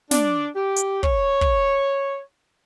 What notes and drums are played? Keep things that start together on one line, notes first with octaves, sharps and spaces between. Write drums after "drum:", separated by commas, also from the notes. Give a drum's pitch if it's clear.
D4, drum: snare
G4
drum: hi-hat
C#5, drum: kick
drum: kick